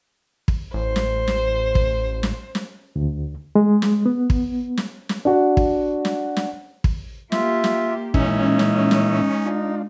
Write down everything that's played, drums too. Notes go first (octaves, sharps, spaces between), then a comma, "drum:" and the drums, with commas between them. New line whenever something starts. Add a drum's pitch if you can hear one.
drum: kick
A1 C5
drum: snare
drum: snare
drum: kick
drum: snare
drum: snare
D2
G#3
drum: snare
B3
drum: kick
drum: snare
drum: snare
D4 F#4
drum: kick
drum: snare
drum: snare
drum: kick
A#3 F4 G4 E5, drum: snare
drum: snare
A#2 E3 G#3 C#4 D#4 E5, drum: kick
drum: snare
drum: snare
D4 F4